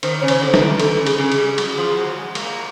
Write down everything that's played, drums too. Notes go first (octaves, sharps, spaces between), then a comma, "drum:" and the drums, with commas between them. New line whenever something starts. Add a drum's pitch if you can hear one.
D#3 C5, drum: cymbal
C#3 C#5
C5, drum: cymbal
D3
B4, drum: snare
D#3
D3 A4, drum: cymbal
C#3
G#4, drum: cymbal
C#3
G#4, drum: cymbal
G3
F#3, drum: cymbal
F3
F#3
G#3
A#3, drum: cymbal